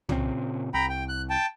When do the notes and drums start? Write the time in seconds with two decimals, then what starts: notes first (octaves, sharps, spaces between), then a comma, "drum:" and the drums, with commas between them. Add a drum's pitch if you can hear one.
0.09 A#2 C#3 C4, drum: tom C2
0.74 C2 G5 A#5 B5
0.90 G5
1.09 F#6
1.30 G5 A5